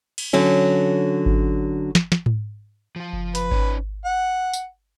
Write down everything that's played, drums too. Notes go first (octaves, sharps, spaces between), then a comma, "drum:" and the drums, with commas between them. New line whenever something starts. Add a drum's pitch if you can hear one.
drum: cymbal
D3 F#3 C#4
drum: kick G#1
drum: snare
drum: snare
drum: tom G#2
F3 F4
F#1
B4, drum: hi-hat
C#4 D#4 C#5, drum: kick G#1
F#5
drum: tambourine